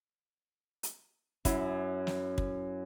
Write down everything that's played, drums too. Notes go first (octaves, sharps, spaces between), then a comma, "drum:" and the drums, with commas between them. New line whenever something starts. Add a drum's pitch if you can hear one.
drum: hi-hat
F#2 E4, drum: kick, hi-hat
drum: snare
drum: kick